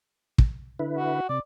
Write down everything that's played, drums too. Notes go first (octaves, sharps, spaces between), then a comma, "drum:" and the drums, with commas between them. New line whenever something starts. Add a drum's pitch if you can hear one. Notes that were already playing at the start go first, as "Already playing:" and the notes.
drum: kick
D3 E4 B4
F#4
C3 D5